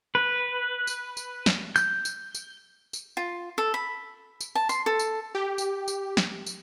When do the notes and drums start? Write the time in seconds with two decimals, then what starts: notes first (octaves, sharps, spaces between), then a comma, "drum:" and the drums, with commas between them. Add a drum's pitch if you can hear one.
0.15 B4
0.87 drum: tambourine
1.17 drum: tambourine
1.46 drum: snare
1.76 G6, drum: tambourine
2.05 drum: tambourine
2.35 drum: tambourine
2.93 drum: tambourine
3.17 F4
3.58 A4
3.74 B5
4.41 drum: tambourine
4.55 A5
4.69 C6, drum: tambourine
4.86 A4
4.99 drum: tambourine
5.35 G4
5.58 drum: tambourine
5.88 drum: tambourine
6.17 drum: snare
6.47 drum: tambourine